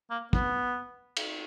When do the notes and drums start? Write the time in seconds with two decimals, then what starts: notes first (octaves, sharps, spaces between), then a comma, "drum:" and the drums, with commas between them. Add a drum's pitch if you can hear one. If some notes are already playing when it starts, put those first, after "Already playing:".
0.11 A#3
0.33 B3, drum: kick
1.17 drum: cymbal